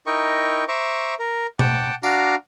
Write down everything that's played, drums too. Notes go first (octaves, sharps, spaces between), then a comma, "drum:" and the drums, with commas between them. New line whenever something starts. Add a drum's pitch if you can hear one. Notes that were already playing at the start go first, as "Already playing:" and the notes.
D#4 E4 A#4 D#5 G5 C#6
C5 E5 A#5 C#6 D6
A#4
F#5 G5 A5 D6, drum: tom B2
D4 F#4 F5 A#5 D6, drum: tambourine